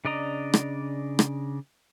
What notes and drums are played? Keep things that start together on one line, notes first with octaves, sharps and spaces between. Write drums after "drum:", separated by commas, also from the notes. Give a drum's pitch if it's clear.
C#3 D4 D5 D#5 A#5
drum: rim click
drum: rim click